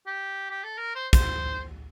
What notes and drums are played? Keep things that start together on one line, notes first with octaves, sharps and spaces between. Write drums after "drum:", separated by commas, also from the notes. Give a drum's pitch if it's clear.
G4
G4
A4
A#4
C5
C5, drum: kick, hi-hat